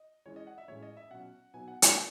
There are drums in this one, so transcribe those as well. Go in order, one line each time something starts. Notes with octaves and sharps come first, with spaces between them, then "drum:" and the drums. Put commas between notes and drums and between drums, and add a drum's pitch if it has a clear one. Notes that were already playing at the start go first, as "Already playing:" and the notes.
Already playing: D#5
E3 G#3 C#4 C#5
D#5
F#5
E5
A2 E3 G#3 C#4 C#5
D#5
E5
B2 F#3 C#4 F#5
B2 F#3 B3 D#4 G#5
F#5
F#5, drum: hi-hat